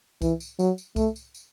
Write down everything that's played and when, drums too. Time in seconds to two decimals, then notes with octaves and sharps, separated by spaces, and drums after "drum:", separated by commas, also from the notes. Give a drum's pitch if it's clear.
0.22 E3, drum: kick C2, tambourine
0.40 drum: tambourine
0.59 F#3, drum: tambourine
0.78 drum: tambourine
0.96 A3, drum: kick C2, tambourine
1.16 drum: tambourine
1.34 drum: tambourine